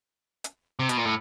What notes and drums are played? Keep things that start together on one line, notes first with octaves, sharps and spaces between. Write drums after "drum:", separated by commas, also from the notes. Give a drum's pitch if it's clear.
drum: hi-hat
C3
B2, drum: hi-hat
A#2
A2